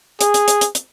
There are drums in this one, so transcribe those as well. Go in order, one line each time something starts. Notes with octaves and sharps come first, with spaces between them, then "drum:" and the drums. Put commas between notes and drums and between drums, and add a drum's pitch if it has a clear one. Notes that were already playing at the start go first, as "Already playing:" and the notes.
G#4, drum: hi-hat
drum: hi-hat
drum: hi-hat
drum: hi-hat
drum: hi-hat